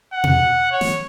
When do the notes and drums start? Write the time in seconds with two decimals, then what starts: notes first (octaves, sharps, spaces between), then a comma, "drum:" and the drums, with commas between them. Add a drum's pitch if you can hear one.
0.13 F#5
0.24 drum: tom B2
0.71 C#5
0.81 drum: snare